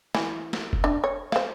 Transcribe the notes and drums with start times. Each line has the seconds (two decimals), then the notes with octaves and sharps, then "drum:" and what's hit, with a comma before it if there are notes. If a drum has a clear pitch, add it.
0.15 E3, drum: snare
0.53 drum: snare
0.73 drum: kick F1
0.84 D4
1.04 C#5
1.32 C5 F5, drum: snare